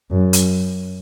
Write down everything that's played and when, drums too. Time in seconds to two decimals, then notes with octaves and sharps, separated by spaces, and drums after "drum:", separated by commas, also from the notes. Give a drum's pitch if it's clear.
0.11 F#2
0.33 drum: hi-hat